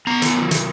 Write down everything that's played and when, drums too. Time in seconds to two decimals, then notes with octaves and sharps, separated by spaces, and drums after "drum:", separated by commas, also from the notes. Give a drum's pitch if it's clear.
0.07 B3 A#5
0.22 D#3, drum: hi-hat
0.37 F#3
0.51 D#3, drum: hi-hat